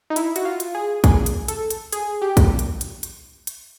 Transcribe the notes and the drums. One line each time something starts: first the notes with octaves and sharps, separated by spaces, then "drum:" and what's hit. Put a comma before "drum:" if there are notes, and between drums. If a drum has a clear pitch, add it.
D#4
E4, drum: hi-hat
F#4, drum: hi-hat
F4
drum: hi-hat
G#4
G#4, drum: kick, hi-hat
drum: hi-hat
A4, drum: hi-hat
drum: hi-hat
G#4, drum: hi-hat
G4
drum: kick, hi-hat
drum: hi-hat
drum: hi-hat
drum: hi-hat
drum: hi-hat